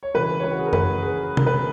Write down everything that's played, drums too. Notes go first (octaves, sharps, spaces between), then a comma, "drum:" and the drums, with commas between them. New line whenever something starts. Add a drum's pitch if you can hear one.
C#5
C#3 E3 B4
C#5
B4
F#4
G#4
A#4
B4, drum: tom F#2
G#4
A#4, drum: tom C3
B4